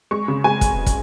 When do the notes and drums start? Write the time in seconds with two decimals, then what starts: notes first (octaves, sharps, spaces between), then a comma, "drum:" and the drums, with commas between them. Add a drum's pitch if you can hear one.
0.11 G#3 C#6
0.28 C#3
0.44 G#3 G#5
0.61 drum: kick, hi-hat
0.86 drum: kick, hi-hat